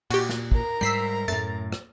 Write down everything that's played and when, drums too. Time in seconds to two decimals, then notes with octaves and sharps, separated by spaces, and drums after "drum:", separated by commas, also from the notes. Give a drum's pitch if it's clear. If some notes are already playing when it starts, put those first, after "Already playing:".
0.10 A#2 F#4 G4, drum: cymbal
0.29 drum: snare
0.52 A#4 A#5, drum: kick
0.81 G#2 G3 E6 B6 C7
1.28 F#2 A2 A3 A6, drum: tambourine
1.72 drum: rim click